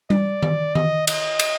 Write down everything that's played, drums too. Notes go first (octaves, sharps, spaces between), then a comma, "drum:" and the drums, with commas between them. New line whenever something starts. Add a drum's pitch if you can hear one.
D5, drum: tom G3
drum: tom D#3
D#5, drum: tom D#3
D#5, drum: cymbal
drum: cymbal